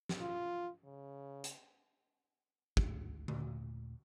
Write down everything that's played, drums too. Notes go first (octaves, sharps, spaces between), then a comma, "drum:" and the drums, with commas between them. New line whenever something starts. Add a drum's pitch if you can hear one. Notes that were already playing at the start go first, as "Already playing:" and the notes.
drum: snare
F4
C#3
drum: hi-hat
G#1 D2, drum: kick
D#2 A#2 A3, drum: tom D3